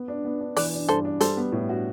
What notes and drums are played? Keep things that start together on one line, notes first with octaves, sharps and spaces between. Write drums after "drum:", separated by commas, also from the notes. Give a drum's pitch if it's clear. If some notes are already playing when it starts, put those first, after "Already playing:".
Already playing: B3
D4
B3
D4
E3 B4 D5, drum: open hi-hat
D4
G2 A4 C5
D4
G3 A4 C5, drum: hi-hat
B3
A2
F#4